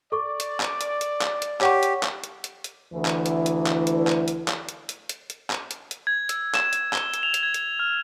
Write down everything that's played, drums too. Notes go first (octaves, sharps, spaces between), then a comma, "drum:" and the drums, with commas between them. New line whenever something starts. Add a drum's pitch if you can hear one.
A4 D5 C#6 D6
drum: hi-hat
drum: clap
drum: hi-hat
drum: hi-hat
drum: clap
drum: hi-hat
G4 C#5 F#5 C#6, drum: clap
drum: hi-hat
drum: clap
drum: hi-hat
drum: hi-hat
drum: hi-hat
D2 E3
drum: clap
drum: hi-hat
drum: hi-hat
drum: clap
drum: hi-hat
drum: clap
drum: hi-hat
drum: clap
drum: hi-hat
drum: hi-hat
drum: hi-hat
drum: hi-hat
drum: clap
drum: hi-hat
drum: hi-hat
G#6
E6, drum: hi-hat
E7, drum: clap
drum: hi-hat
G7, drum: clap
drum: hi-hat
F7
drum: hi-hat
G#6
drum: hi-hat
F6